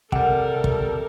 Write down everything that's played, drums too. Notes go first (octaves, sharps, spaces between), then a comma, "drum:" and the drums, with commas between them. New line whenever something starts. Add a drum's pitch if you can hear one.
C3 G3 A4 A#4 F#5, drum: kick
drum: kick